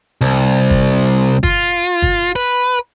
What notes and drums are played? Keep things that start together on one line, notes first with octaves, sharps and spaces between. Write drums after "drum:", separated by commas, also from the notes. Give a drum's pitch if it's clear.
C2
drum: kick
F4, drum: kick
drum: kick
B4